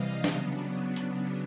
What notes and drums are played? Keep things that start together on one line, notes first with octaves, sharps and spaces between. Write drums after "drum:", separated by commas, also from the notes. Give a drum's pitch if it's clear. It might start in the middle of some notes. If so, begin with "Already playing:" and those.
Already playing: C3 E3 G3 D#5 F5
C#3 F#3 B3 D4, drum: snare
drum: hi-hat